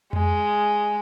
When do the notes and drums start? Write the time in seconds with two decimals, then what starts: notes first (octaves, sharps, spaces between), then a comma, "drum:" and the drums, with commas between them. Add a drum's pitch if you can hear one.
0.13 G#3, drum: tom F2